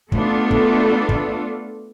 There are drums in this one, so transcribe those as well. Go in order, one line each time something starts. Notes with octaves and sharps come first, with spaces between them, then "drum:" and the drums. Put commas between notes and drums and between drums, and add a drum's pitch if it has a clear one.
A3 B3 D4 F4 A4, drum: kick
drum: kick
drum: kick